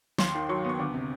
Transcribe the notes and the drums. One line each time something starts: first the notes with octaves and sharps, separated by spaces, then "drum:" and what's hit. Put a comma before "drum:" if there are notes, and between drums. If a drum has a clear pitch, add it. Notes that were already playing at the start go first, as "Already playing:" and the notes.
D#2 C6, drum: snare
D#3
F#3 C#6
B3
C#6
D2 D6
C3